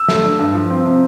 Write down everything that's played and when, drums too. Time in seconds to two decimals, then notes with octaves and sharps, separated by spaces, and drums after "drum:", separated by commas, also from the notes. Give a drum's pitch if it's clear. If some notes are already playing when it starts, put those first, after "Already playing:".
Already playing: E6
0.08 A3, drum: snare
0.24 D4
0.39 G2
0.54 F3
0.70 C4
0.85 C3